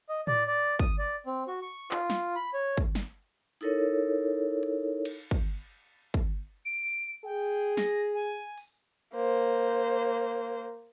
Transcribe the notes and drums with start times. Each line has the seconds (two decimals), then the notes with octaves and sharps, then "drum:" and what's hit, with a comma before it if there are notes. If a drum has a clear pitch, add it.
0.09 D#5
0.27 D5, drum: tom A2
0.47 D5
0.79 D#6, drum: kick
0.99 D5
1.26 C4
1.48 F#4
1.62 C#6
1.91 F4, drum: clap
2.10 drum: snare
2.36 B5
2.54 C#5
2.77 drum: kick
2.95 drum: snare
3.61 D#4 E4 A4 A#4 C#5, drum: hi-hat
4.63 drum: hi-hat
5.05 drum: cymbal
5.31 drum: kick
6.14 drum: kick
6.65 D7
7.25 G#4 G5
7.77 A#6, drum: snare
8.14 G#5
8.58 drum: open hi-hat
9.14 A#3 C5